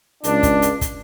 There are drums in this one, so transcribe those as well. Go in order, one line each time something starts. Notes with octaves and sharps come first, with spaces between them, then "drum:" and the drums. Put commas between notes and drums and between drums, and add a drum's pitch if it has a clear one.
C#2 D4, drum: hi-hat
drum: kick, hi-hat
drum: hi-hat
drum: kick, hi-hat